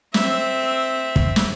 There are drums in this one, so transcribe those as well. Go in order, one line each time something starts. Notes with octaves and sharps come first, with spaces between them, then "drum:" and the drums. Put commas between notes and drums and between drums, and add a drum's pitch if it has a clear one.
C4 E5, drum: snare
drum: kick
drum: snare